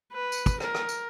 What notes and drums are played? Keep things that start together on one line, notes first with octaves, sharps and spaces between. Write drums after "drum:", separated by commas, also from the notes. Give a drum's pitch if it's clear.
B4
drum: tambourine
drum: kick, tambourine
A#4, drum: rim click
drum: rim click
drum: tambourine